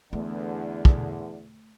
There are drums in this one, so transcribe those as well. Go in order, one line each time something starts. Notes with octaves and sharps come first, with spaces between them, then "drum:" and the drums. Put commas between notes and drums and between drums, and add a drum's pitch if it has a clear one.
E2 D3 A3
drum: kick